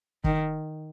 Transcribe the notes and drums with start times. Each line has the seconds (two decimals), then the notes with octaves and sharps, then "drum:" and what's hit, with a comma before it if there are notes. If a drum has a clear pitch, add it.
0.24 D#3, drum: kick